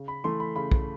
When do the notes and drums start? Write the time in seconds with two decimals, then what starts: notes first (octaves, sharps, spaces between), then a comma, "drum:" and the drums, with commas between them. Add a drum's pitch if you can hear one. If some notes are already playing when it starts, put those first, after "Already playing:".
Already playing: C#3
0.08 B5
0.24 E3 A3 C6
0.40 B5
0.56 C#3 B5
0.71 drum: kick